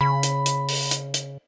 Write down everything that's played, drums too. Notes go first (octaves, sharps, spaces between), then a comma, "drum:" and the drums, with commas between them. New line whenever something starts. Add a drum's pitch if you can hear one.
C#3 B5
drum: hi-hat
drum: hi-hat
drum: open hi-hat
drum: hi-hat
drum: hi-hat